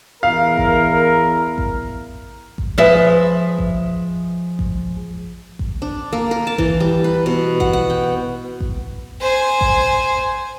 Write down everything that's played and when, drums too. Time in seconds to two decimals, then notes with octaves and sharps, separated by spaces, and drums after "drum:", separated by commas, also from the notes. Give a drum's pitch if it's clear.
0.23 E2 E4 A#4 F5
0.57 drum: kick A1
1.58 drum: kick A1
2.58 drum: kick A1
2.78 F3 G#3 B4 D#5 E5
3.59 drum: kick A1
4.59 drum: kick A1
5.59 drum: kick A1
5.82 D4
6.13 A#3
6.31 A#4
6.47 A5
6.58 E3, drum: kick A1
6.80 G3
7.04 B4
7.26 B2
7.60 F#5, drum: kick A1
7.73 F#5
7.90 G5
8.60 drum: kick A1
9.21 C5 G#5
9.61 drum: kick A1